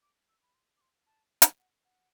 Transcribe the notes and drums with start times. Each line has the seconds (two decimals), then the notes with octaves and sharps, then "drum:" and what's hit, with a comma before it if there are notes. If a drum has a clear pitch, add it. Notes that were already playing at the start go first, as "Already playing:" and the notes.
0.02 D6
0.28 E6
0.42 B5
0.54 C6
0.77 D6
0.81 C6
1.06 A5
1.42 drum: hi-hat
1.59 F#5
1.85 F#5